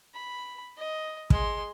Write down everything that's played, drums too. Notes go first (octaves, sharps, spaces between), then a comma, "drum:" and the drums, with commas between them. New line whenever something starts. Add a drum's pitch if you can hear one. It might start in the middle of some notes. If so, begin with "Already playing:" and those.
B5
D#5
G#3 C6, drum: kick